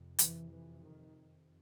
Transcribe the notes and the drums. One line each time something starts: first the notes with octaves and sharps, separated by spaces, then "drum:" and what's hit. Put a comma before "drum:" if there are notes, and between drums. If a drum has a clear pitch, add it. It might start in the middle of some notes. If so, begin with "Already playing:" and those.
Already playing: F2 C3
E3, drum: hi-hat
E3
D#3